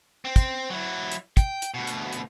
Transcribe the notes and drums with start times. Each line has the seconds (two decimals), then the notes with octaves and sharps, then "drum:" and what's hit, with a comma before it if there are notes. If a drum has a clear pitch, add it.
0.25 C4
0.36 drum: kick, hi-hat
0.70 F#3 E4
1.12 drum: hi-hat
1.37 G5, drum: kick, hi-hat
1.62 drum: hi-hat
1.74 D2 B2
1.87 drum: hi-hat
2.13 drum: hi-hat